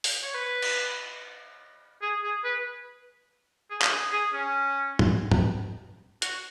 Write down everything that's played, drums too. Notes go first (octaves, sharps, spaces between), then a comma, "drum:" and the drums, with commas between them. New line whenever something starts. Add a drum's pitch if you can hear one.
drum: open hi-hat
C#5
B4
drum: cymbal
G#4
G#4
B4
G#4
drum: clap
G#4
G#4
C#4
drum: tom
drum: tom
F#4, drum: hi-hat